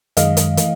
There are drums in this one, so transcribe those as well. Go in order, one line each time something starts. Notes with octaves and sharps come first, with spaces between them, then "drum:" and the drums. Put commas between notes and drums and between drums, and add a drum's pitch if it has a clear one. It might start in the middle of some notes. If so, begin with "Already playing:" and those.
F#2 D#3 G#3 D#5 F5, drum: hi-hat
drum: hi-hat
E3 A3, drum: hi-hat